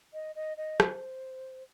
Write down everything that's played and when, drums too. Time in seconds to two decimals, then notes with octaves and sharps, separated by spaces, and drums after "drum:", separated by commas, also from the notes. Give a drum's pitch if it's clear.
0.14 D#5
0.36 D#5
0.57 D#5
0.80 C5, drum: rim click